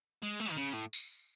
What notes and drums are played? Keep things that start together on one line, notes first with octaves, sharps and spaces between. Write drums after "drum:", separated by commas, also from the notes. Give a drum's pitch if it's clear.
G#3
A3
D#3
C#3
A2
drum: tambourine